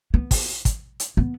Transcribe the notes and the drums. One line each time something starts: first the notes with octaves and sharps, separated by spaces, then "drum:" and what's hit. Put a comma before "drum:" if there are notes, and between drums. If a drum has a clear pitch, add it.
B3
drum: kick, open hi-hat
drum: kick, hi-hat
drum: hi-hat
B3